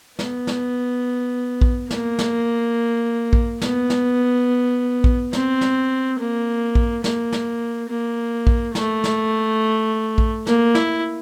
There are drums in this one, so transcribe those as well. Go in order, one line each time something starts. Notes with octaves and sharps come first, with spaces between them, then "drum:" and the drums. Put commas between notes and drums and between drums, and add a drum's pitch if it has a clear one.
B3, drum: snare
drum: snare
drum: kick A#1
A#3, drum: snare
drum: snare
drum: kick A#1
B3, drum: snare
drum: snare
drum: kick A#1
C4, drum: snare
drum: snare
A#3
drum: kick A#1
A#3, drum: snare
drum: snare
A#3
drum: kick A#1
A3, drum: snare
drum: snare
drum: kick A#1
A#3, drum: snare
E4, drum: snare